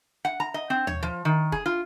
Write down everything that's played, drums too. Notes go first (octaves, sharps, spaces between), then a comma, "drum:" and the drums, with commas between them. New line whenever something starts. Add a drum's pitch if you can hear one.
F#5
A#5
D#5
C4
C#5, drum: tom D#2
F3
D#3
G#4, drum: kick F1
F4